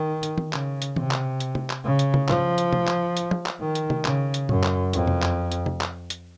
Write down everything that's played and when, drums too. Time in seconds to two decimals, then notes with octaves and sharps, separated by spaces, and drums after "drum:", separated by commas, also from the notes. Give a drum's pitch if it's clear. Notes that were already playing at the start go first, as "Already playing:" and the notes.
Already playing: D#3
0.23 drum: hi-hat
0.38 drum: tom D#3
0.53 C#3, drum: clap
0.82 drum: hi-hat
0.96 C3, drum: tom D#3
1.11 drum: clap
1.40 drum: hi-hat
1.55 drum: tom
1.70 drum: clap
1.84 C#3
1.99 drum: hi-hat
2.14 drum: tom
2.28 F3, drum: clap
2.58 drum: hi-hat
2.73 drum: tom
2.87 drum: clap
3.17 drum: hi-hat
3.31 drum: tom F3
3.46 drum: clap
3.60 D#3
3.75 drum: hi-hat
3.90 drum: tom
4.05 C#3, drum: clap
4.34 drum: hi-hat
4.49 F#2, drum: tom A2
4.63 drum: clap
4.93 F2, drum: hi-hat
5.07 drum: tom
5.22 drum: clap
5.52 drum: hi-hat
5.66 drum: tom
5.81 drum: clap
6.10 drum: hi-hat